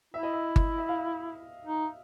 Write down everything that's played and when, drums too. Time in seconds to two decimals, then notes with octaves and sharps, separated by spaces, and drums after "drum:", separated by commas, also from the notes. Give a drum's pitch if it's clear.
0.14 E4 E5
0.23 D#5
0.33 E5
0.56 drum: kick G1
0.78 E5
0.89 F5
1.64 D#4